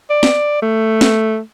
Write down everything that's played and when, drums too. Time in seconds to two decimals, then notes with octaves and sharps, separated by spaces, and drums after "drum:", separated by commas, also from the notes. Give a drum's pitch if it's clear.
0.10 D5
0.23 drum: snare
0.62 A3
1.01 drum: snare